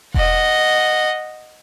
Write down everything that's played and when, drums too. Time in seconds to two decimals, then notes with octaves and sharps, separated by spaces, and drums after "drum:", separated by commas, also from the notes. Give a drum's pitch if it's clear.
0.14 D#5 F#5, drum: kick E1